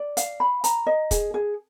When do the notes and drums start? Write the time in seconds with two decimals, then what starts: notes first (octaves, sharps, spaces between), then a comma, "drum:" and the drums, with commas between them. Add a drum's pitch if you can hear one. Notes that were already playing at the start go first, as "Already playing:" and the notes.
Already playing: D5
0.17 F5, drum: hi-hat
0.40 B5
0.64 A#5, drum: hi-hat
0.87 D#5
1.11 G#4, drum: kick, hi-hat
1.34 G#4